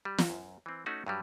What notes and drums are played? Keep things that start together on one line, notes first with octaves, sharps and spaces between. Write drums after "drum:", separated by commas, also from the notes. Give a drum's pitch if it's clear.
G3
drum: snare
F#2
E3 C4
A3 C#4 D#4 F#4
G2 F#3 G3